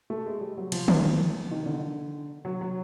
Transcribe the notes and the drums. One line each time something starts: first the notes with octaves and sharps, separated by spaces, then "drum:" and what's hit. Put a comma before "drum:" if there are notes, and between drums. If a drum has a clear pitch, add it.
A3
G#3
G3
F#3
F3, drum: cymbal
E3, drum: tom
D#3
D3
F#3
F#3